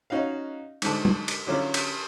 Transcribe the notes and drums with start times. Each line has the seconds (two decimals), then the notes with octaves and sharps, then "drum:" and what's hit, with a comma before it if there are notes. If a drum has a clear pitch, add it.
0.10 C#4 D#4 F#4 F5
0.82 G#2 D3 A5, drum: cymbal
1.05 drum: tom
1.28 drum: cymbal
1.47 D3 F#3 C#4 E4 F4
1.74 drum: cymbal